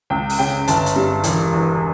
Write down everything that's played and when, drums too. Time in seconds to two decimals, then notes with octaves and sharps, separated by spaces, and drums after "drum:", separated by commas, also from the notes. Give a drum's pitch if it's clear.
0.10 C#2 G5
0.30 drum: open hi-hat
0.39 C#3 G5
0.68 G1 A5, drum: hi-hat
0.86 drum: hi-hat
0.96 G2
1.24 E1, drum: hi-hat
1.53 E2